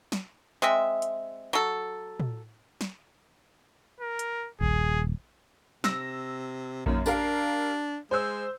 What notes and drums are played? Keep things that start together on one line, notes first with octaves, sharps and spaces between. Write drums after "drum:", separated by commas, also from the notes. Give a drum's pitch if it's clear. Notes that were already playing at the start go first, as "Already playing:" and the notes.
drum: snare
G#3 C4 E5
drum: hi-hat
F#3 A4
drum: tom
drum: snare
A#4
drum: hi-hat
D#1 G#4, drum: kick A#1
C3 E6 A#6, drum: snare
F#2 D#3 A#3 C#4, drum: kick A#1
D4 G4 A#4 F5, drum: tambourine
G#3 C5 E6